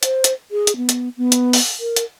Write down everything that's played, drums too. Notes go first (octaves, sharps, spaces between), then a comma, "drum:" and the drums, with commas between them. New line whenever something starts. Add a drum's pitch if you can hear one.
C5, drum: hi-hat
drum: hi-hat
G#4
drum: hi-hat
B3
drum: hi-hat
B3
drum: hi-hat
drum: open hi-hat
A#4
drum: hi-hat